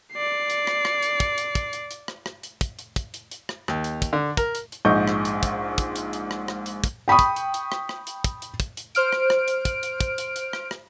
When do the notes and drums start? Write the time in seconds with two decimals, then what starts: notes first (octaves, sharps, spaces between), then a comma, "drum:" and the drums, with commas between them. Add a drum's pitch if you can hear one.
0.13 D5 C7
0.50 drum: hi-hat
0.67 drum: rim click
0.85 drum: rim click
1.03 drum: hi-hat
1.20 drum: kick, hi-hat
1.38 drum: hi-hat
1.55 drum: kick, hi-hat
1.73 drum: hi-hat
1.91 drum: hi-hat
2.08 drum: rim click
2.26 drum: rim click
2.43 drum: hi-hat
2.61 drum: kick, hi-hat
2.79 drum: hi-hat
2.96 drum: kick, hi-hat
3.14 drum: hi-hat
3.31 drum: hi-hat
3.49 drum: rim click
3.68 D#2, drum: rim click
3.84 drum: hi-hat
4.02 drum: kick, hi-hat
4.13 D3
4.37 A#4, drum: kick, hi-hat
4.55 drum: hi-hat
4.72 drum: hi-hat
4.85 A#1 G#2 D#5 C#6 G6
5.08 drum: rim click
5.25 drum: hi-hat
5.43 drum: kick, hi-hat
5.78 drum: kick, hi-hat
5.96 drum: hi-hat
6.13 drum: hi-hat
6.31 drum: rim click
6.48 drum: rim click
6.66 drum: hi-hat
6.84 drum: kick, hi-hat
7.08 G5 B5 C#6 D#6
7.19 drum: kick, hi-hat
7.36 drum: hi-hat
7.54 drum: hi-hat
7.72 drum: rim click
7.89 drum: rim click
8.07 drum: hi-hat
8.24 drum: kick, hi-hat
8.42 drum: hi-hat
8.60 drum: kick, hi-hat
8.77 drum: hi-hat
8.95 C5 F6 D7, drum: hi-hat
9.12 drum: rim click
9.30 drum: rim click
9.48 drum: hi-hat
9.65 drum: kick, hi-hat
9.83 drum: hi-hat
10.01 drum: kick, hi-hat
10.18 drum: hi-hat
10.36 drum: hi-hat
10.53 drum: rim click
10.71 drum: rim click